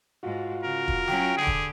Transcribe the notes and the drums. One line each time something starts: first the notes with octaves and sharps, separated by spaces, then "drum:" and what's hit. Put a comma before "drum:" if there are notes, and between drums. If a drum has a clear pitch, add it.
G#2 F4 F#4
C#3 A#4
drum: kick
F#3 C#4 G5, drum: snare
D3 G4 G#4
drum: kick